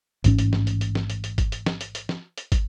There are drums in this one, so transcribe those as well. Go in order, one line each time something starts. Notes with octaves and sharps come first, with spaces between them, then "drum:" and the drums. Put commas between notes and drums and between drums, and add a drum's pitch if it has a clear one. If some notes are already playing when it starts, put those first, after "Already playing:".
A1 G#2 C#4, drum: kick, hi-hat
drum: hi-hat
drum: snare
drum: hi-hat
drum: hi-hat
drum: snare
drum: hi-hat
drum: hi-hat
drum: kick, hi-hat
drum: hi-hat
drum: snare
drum: hi-hat
drum: hi-hat
drum: snare
drum: hi-hat
drum: kick, hi-hat